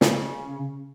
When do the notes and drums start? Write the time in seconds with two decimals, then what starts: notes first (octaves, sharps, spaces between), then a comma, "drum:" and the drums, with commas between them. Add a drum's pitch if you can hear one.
0.01 C#3, drum: snare